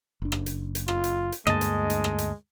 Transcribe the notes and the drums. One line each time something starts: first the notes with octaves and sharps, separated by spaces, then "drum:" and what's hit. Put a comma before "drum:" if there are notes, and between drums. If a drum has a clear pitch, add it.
F#1 D4
drum: rim click
drum: hi-hat
drum: hi-hat
F4, drum: rim click
drum: hi-hat
drum: hi-hat
D2 G2 G#3 A#3 D#5 A5, drum: rim click
drum: hi-hat
drum: hi-hat
drum: rim click
drum: hi-hat